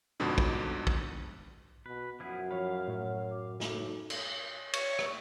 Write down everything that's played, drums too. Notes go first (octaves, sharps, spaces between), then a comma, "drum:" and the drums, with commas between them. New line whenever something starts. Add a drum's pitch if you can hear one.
G1 F2 G#2 B2 D3
drum: kick
drum: kick
B2 B4
F#2 F3 E4 F#4 G#4 E5 F#5
F3 C#5 F5 B5
A2 C#5
D6
F#1 D#4 F#4 A4, drum: snare
drum: cymbal
C#5, drum: cymbal
drum: rim click